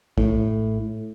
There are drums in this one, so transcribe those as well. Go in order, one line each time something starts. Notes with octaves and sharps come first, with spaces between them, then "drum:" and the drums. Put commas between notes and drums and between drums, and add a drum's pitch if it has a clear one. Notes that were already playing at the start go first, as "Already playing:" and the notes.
A2, drum: kick A#1